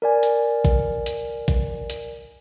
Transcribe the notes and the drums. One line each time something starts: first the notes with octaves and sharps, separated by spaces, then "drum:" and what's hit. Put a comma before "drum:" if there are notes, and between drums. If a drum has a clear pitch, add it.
A#4 D5 G#5
drum: hi-hat
drum: kick A#1, hi-hat
drum: hi-hat
drum: kick A#1, hi-hat
drum: hi-hat